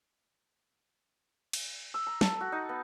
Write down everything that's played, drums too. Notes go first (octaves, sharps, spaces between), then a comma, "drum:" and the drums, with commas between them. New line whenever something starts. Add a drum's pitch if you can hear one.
drum: cymbal
E6
A#5
A4, drum: snare
F#4
D#4
B3